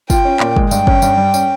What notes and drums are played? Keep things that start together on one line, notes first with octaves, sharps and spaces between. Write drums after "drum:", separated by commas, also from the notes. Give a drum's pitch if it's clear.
F4 G5, drum: kick, tambourine
C#4
A#2, drum: clap
G#3, drum: kick
G2 G5, drum: tambourine
C#4, drum: kick
G2, drum: tambourine
G3
C#4, drum: tambourine